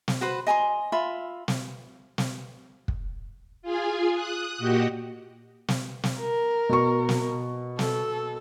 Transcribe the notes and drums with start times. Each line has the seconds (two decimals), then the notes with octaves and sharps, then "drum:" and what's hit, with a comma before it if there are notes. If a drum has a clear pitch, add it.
0.08 drum: snare
0.21 F#4 B4 C5 B5
0.47 D#5 G#5 A#5 C6
0.92 F4 E5 B5 C6
1.48 drum: snare
2.18 drum: snare
2.88 drum: kick
3.62 F4 G#4 G#5
4.14 D#6 F#6
4.58 A#2 F#4 G4 D#5 F#5
5.68 drum: snare
6.04 drum: snare
6.20 A#4
6.69 B2 C#6
7.09 drum: snare
7.79 A4, drum: snare